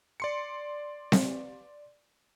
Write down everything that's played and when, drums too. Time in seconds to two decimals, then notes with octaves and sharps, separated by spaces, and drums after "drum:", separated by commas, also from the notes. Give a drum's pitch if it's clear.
0.20 D5 C6 C#7
1.12 drum: snare C4